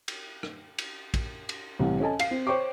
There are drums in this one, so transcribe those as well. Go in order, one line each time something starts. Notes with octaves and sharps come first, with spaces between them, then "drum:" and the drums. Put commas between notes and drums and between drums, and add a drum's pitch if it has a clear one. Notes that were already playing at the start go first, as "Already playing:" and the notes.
drum: cymbal
drum: rim click
drum: cymbal
drum: kick, cymbal
drum: cymbal
C2 A2 C3 E3
C#4 A4 D#5 G#5 A5
F5 C7, drum: cymbal
C4
C5 C#5 G5 C#6 D6